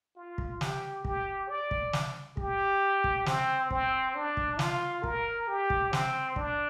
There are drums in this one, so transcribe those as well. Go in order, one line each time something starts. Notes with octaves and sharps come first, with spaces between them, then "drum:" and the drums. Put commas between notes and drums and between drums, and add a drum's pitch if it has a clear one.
F4
drum: kick
G4, drum: snare
G4, drum: kick
D5
drum: kick
drum: snare
G4, drum: kick
drum: kick
C4, drum: snare
C4, drum: kick
D4
drum: kick
F4, drum: snare
A#4, drum: kick
G4
drum: kick
C4, drum: snare
D4, drum: kick